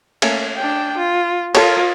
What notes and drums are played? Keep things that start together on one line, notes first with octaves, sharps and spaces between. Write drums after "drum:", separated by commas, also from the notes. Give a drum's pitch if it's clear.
A3 A#3 C#4, drum: cymbal
D4 G5
F4
F4 A4 A#4 C#5, drum: cymbal